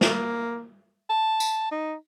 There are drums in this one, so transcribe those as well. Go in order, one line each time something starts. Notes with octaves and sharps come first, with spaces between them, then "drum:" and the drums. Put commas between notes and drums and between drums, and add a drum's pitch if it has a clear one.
A#3, drum: snare
A5
drum: tambourine
D#4